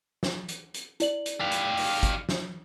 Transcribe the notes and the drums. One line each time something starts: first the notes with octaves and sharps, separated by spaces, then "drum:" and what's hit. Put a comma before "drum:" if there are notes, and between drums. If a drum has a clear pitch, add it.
drum: snare
drum: hi-hat
drum: hi-hat
E4 D5 F#7, drum: hi-hat
drum: hi-hat
G4 F5
drum: hi-hat
drum: open hi-hat
drum: kick, hi-hat
drum: snare